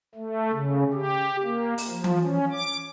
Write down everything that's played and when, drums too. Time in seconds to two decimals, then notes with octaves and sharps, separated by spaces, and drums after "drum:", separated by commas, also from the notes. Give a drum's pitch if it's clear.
0.15 A3
0.52 C#3
0.93 G4
1.43 A#3
1.78 drum: open hi-hat
1.88 F3
2.04 drum: tom E3
2.22 C#4
2.52 D6